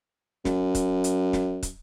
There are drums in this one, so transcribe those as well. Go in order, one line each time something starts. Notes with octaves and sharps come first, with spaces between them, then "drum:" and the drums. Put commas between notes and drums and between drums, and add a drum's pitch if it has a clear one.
F#2, drum: snare
drum: kick, hi-hat
drum: hi-hat
drum: snare
drum: kick, hi-hat